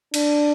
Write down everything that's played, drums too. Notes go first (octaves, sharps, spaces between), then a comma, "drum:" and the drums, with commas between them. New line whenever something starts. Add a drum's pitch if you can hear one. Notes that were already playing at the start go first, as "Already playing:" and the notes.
D4, drum: cymbal